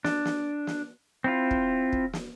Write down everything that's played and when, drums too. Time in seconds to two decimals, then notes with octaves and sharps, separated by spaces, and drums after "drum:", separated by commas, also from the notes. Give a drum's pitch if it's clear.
0.04 D4, drum: snare
0.25 drum: snare
0.67 drum: snare
1.24 C4 E4 F4
1.51 drum: kick
1.93 drum: kick
2.13 drum: snare